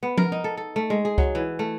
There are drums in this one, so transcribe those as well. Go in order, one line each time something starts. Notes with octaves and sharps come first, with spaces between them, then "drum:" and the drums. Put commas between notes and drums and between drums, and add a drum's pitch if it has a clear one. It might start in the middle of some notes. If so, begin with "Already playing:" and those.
B3
A#4, drum: tom F3
D#4
A4
A4
A3
G#3
G#4
F#3, drum: kick C#2
E3
A3